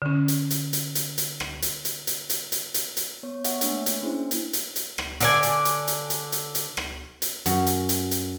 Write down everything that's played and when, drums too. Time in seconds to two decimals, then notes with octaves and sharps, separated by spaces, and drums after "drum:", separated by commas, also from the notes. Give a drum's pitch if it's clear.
0.02 D3 C#4
0.28 drum: hi-hat
0.51 drum: hi-hat
0.73 drum: hi-hat
0.95 drum: hi-hat
1.18 drum: hi-hat
1.40 drum: rim click
1.62 drum: hi-hat
1.85 drum: hi-hat
2.07 drum: hi-hat
2.30 drum: hi-hat
2.52 drum: hi-hat
2.74 drum: hi-hat
2.97 drum: hi-hat
3.23 B3 C#5
3.44 E5 F#5 C#6, drum: hi-hat
3.61 A3 A#3 D4 C#5, drum: hi-hat
3.86 drum: hi-hat
4.02 A#3 C#4 D4 E4 G#4 C5
4.31 drum: hi-hat
4.53 drum: hi-hat
4.76 drum: hi-hat
4.98 drum: rim click
5.20 D3 D5 G#5, drum: hi-hat
5.43 drum: hi-hat
5.65 drum: hi-hat
5.88 drum: hi-hat
6.10 drum: hi-hat
6.32 drum: hi-hat
6.55 drum: hi-hat
6.77 drum: rim click
7.22 drum: hi-hat
7.46 F#2, drum: hi-hat
7.67 drum: hi-hat
7.89 drum: hi-hat
8.11 drum: hi-hat